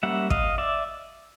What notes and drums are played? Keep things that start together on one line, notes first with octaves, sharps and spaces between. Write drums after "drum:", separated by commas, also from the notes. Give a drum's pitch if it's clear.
G3 A#3 C#4 E5 F#5
D#5 F5, drum: kick
D5 E5